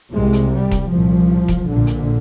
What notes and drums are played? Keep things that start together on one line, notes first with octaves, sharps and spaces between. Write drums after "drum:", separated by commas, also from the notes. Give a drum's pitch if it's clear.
C2 C3 G#3
drum: hi-hat
G3
drum: kick E1, hi-hat
C2 A#2 F3
drum: kick E1, hi-hat
A#1 A#2 D3
drum: hi-hat